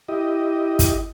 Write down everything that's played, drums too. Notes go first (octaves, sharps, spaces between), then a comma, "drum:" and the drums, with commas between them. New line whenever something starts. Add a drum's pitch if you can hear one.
E4 G4 D#5
drum: kick, hi-hat